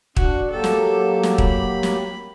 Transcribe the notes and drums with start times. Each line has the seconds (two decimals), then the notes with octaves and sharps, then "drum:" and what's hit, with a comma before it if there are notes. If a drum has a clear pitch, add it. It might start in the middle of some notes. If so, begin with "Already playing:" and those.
0.16 D4 F#4, drum: kick
0.51 F#3 A#3 G4 A4
0.64 drum: snare
1.23 drum: snare
1.38 B5, drum: kick
1.83 drum: snare